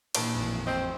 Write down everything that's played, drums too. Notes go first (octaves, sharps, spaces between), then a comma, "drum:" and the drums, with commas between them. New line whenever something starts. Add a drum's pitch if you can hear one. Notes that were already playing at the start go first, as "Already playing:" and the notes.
F#2 A#2 E3 D4 D#4 G4, drum: cymbal
A1 F2
C4 D#5